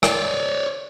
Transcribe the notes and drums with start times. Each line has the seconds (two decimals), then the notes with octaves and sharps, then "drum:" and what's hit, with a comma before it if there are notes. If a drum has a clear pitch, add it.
0.03 C#5 D5, drum: rim click